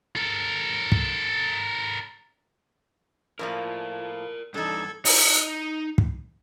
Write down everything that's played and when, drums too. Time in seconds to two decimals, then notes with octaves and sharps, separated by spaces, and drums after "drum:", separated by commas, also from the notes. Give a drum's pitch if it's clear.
0.16 A4 A#4
0.92 drum: kick
3.39 A2 F3 A#3 A#4 D5
4.54 G2 E3 D4 D#4 A4 G#6
5.05 D#4 D#5, drum: open hi-hat
5.98 drum: kick